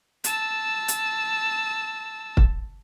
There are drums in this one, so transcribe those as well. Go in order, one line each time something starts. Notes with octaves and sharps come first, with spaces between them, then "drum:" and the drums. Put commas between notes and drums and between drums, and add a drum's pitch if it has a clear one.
A5 E6, drum: hi-hat
drum: hi-hat
drum: kick